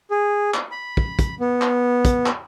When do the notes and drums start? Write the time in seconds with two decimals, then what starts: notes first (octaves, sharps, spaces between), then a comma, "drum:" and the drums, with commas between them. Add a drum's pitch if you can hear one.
0.11 G#4
0.54 drum: clap
0.71 B5
0.97 drum: kick
1.19 drum: kick, hi-hat
1.40 B3
1.62 drum: clap
2.05 drum: kick, hi-hat
2.26 drum: clap